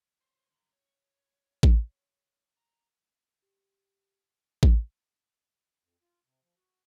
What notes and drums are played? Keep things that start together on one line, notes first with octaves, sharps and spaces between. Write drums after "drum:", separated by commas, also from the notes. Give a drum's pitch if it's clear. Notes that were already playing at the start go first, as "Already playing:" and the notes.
C5 C#5
D3 F#3
C#5
drum: kick A1
G#3 A#5
G4
drum: kick A1
F2
F4
C3
F3
F#4